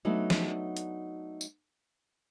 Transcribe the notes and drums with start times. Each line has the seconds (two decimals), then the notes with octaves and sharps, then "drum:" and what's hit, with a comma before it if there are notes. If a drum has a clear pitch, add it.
0.05 F#3 A3 B3 D4 D#4 F#4
0.30 drum: snare
0.77 drum: hi-hat
1.41 drum: tambourine